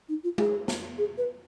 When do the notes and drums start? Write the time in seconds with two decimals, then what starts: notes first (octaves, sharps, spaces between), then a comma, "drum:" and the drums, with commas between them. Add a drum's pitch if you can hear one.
0.09 D#4
0.24 F4
0.38 G#4, drum: tom G#3
0.68 drum: snare
0.98 G#4
1.18 B4